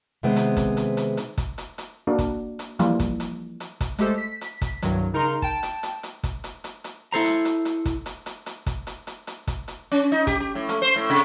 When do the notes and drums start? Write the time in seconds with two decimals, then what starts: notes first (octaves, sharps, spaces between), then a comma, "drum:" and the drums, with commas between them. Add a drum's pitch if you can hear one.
0.23 C3 D#3 G#3 B3 C4
0.36 drum: hi-hat
0.57 drum: kick, hi-hat
0.77 drum: hi-hat
0.97 drum: hi-hat
1.17 drum: hi-hat
1.38 drum: kick, hi-hat
1.58 drum: hi-hat
1.78 drum: hi-hat
2.07 A#3 D4 F#4 A#4
2.19 drum: kick, hi-hat
2.59 drum: hi-hat
2.79 E3 F3 G3 A#3 F4, drum: hi-hat
3.00 drum: kick, hi-hat
3.20 drum: hi-hat
3.60 drum: hi-hat
3.81 drum: kick, hi-hat
3.98 G#3 A3 G4 A4 C5, drum: hi-hat
4.18 B6
4.41 drum: hi-hat
4.61 drum: kick, hi-hat
4.82 C2 G2 D#3 F#3, drum: hi-hat
5.13 C#3 D#4 A#4 A#5 C6
5.42 G5 A5, drum: kick
5.63 drum: hi-hat
5.83 drum: hi-hat
6.03 drum: hi-hat
6.23 drum: kick, hi-hat
6.44 drum: hi-hat
6.64 drum: hi-hat
6.84 drum: hi-hat
7.12 E4 A4 C5 A#5
7.25 drum: hi-hat
7.45 drum: hi-hat
7.65 drum: hi-hat
7.85 drum: kick, hi-hat
8.06 drum: hi-hat
8.26 drum: hi-hat
8.46 drum: hi-hat
8.66 drum: kick, hi-hat
8.87 drum: hi-hat
9.07 drum: hi-hat
9.27 drum: hi-hat
9.47 drum: kick, hi-hat
9.68 drum: hi-hat
9.92 C#4
10.12 D#4
10.27 G4, drum: kick, hi-hat
10.40 G4
10.55 A2
10.69 A3, drum: hi-hat
10.82 C5
10.96 A2
11.10 C3